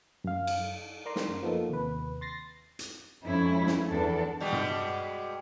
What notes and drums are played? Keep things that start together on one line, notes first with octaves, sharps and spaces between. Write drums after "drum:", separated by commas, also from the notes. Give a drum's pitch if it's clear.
F#2 F5
drum: cymbal
A#4 D5 A#5 C6
drum: snare
F#2
F3 A#3 B3 D#4 A4
D#2 C3 B4
C6 A6 A#6 C7
drum: hi-hat
F2 G#2 C#4 E4
drum: snare
E2 D4 A4
B2 G3 G#3
drum: tom G2